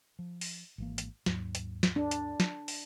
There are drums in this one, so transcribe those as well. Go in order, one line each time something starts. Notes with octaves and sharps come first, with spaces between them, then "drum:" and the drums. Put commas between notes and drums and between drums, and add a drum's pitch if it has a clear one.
F3
drum: open hi-hat
G#1 E3 A#3
drum: hi-hat
D#2 G#2 F#3, drum: snare
drum: hi-hat
drum: snare
D4
drum: hi-hat
drum: snare
drum: open hi-hat